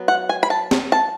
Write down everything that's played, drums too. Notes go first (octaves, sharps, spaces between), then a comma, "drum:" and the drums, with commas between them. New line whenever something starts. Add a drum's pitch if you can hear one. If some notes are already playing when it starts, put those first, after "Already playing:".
Already playing: F#3 B3
F#5
G#5
B5
A5
drum: snare
A5